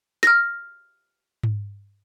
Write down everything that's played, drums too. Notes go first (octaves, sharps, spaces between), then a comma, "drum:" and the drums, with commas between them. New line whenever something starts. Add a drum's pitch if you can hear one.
F6 A#6, drum: snare
drum: tom G#2